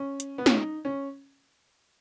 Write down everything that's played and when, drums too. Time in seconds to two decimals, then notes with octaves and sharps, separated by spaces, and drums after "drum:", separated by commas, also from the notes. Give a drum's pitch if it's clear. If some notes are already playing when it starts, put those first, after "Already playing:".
Already playing: C#4
0.20 drum: hi-hat
0.38 B3
0.46 C#4, drum: snare
0.54 D#4
0.85 C#4